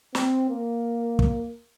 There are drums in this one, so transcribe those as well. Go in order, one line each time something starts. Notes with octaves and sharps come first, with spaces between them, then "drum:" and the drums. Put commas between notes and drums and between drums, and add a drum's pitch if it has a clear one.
C4, drum: snare
A#3
drum: kick